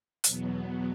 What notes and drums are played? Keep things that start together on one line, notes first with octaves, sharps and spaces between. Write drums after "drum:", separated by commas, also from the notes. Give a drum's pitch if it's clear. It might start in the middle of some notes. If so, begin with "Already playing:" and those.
E2 B2 F#3 B3, drum: hi-hat